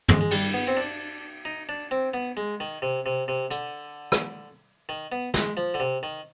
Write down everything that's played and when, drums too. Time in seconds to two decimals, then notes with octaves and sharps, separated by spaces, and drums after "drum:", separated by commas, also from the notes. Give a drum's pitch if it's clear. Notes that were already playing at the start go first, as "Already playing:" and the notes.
0.09 G#3, drum: tom
0.21 G#3
0.31 G3, drum: cymbal
0.54 B3
0.68 C4
0.77 D4
1.45 D#4
1.69 D4
1.91 C4
2.14 B3
2.37 G#3
2.60 D#3
2.82 C3
3.06 C3
3.28 C3
3.51 D3, drum: hi-hat
4.12 drum: rim click
4.89 D#3
5.12 B3
5.34 G#3, drum: snare
5.57 F3
5.74 D3
5.80 C3
6.03 D#3